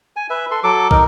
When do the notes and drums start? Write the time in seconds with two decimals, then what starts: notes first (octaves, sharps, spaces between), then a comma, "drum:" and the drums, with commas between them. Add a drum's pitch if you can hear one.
0.16 G#5
0.30 B4 E5
0.51 A4 C6
0.64 F#3 A4 D6
0.91 D#4 A#4, drum: kick